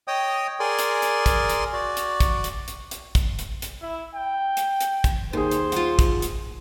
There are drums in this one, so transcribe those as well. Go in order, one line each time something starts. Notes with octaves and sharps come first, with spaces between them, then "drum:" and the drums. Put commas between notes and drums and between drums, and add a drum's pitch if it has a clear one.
C#5 D#5 G5 D#6
G#4 A#4 D5 G#5 C6
drum: hi-hat
drum: hi-hat
drum: kick, hi-hat
drum: hi-hat
F#4 D5
drum: hi-hat
drum: kick, hi-hat
drum: hi-hat
drum: hi-hat
drum: hi-hat
drum: kick, hi-hat
drum: hi-hat
drum: hi-hat
E4
G5
drum: hi-hat
drum: hi-hat
drum: kick, hi-hat
D#2 A#2 G#4 C5
drum: hi-hat
F4 F#5, drum: hi-hat
drum: kick, hi-hat
drum: hi-hat